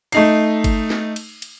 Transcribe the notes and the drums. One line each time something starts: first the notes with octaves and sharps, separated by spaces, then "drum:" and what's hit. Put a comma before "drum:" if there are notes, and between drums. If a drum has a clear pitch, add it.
A3 D#4 C7, drum: cymbal
drum: kick G1, cymbal
drum: snare
drum: cymbal
drum: cymbal